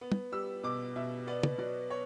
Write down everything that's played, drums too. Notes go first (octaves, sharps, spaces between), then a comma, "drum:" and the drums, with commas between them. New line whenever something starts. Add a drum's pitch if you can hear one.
B3
drum: tom
G3 E6
B2 D6
B2 E5
B3 D5
drum: tom
F#3 D5
C#5